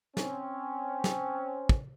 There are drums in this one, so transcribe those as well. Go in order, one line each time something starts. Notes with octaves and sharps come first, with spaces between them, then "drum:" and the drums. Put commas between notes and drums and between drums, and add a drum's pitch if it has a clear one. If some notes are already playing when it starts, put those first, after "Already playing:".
C4 C#4, drum: snare
drum: snare
drum: kick